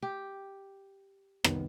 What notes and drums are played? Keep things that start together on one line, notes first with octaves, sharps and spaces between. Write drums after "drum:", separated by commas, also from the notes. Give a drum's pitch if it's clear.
G4
C2 D#3 B3, drum: rim click